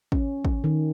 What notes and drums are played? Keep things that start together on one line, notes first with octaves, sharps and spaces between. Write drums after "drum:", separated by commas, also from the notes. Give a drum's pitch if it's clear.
C#4, drum: kick
drum: kick
D#3